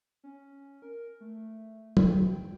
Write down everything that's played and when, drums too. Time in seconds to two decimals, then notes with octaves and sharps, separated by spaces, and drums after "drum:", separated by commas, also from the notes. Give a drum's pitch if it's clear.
0.24 C#4
0.82 A#4
1.21 A3
1.34 A3
1.97 drum: tom F#3
2.10 G5